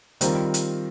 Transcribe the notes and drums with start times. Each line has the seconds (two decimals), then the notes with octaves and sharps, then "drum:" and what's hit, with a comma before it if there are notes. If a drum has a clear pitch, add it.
0.21 D#3 G3 C4 F4 A#4, drum: hi-hat
0.54 drum: hi-hat